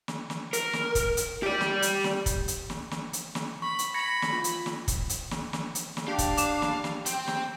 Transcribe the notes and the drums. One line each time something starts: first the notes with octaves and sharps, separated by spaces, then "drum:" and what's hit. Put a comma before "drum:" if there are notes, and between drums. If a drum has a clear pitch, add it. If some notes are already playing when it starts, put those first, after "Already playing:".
drum: snare
drum: snare
A#4, drum: hi-hat
drum: snare
drum: kick, hi-hat
drum: hi-hat
G4 D5
drum: snare
drum: hi-hat
drum: snare
drum: kick, hi-hat
drum: hi-hat
drum: snare
drum: snare
drum: hi-hat
drum: snare
B5 C#6
drum: hi-hat
B5 G#6 A#6 C#7
drum: snare
F4
drum: hi-hat
drum: snare
drum: kick, hi-hat
drum: hi-hat
drum: snare
drum: snare
drum: hi-hat
drum: snare
D4 G4 F5
drum: kick, hi-hat
D6 E7, drum: hi-hat
drum: snare
drum: snare
C4 G5, drum: hi-hat
drum: snare